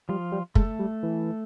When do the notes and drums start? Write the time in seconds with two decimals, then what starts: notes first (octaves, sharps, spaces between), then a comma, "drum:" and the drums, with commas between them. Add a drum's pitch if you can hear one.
0.09 F3 G3 F4
0.32 G3
0.55 G#3 A3 A4, drum: kick
0.79 G3
1.03 E3